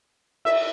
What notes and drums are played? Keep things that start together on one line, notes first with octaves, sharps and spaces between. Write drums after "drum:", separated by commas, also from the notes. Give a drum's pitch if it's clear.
E5, drum: cymbal